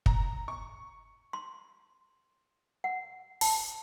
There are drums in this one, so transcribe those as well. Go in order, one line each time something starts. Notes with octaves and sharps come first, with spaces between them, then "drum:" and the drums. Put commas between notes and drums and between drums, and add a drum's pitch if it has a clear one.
A#5, drum: kick
C#6
C6
F#5
A5, drum: open hi-hat